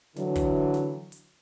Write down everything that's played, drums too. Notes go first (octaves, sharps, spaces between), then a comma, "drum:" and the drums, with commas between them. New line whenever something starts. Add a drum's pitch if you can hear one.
D3 E3 F#3, drum: snare
drum: kick, hi-hat
drum: snare
drum: hi-hat